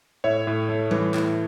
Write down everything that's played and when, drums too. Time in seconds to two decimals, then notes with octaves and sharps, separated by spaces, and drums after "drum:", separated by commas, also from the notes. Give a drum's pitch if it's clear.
0.24 A2 C#5 E5
0.47 A2
0.69 A3
0.91 E3, drum: tom G3
1.14 A2, drum: clap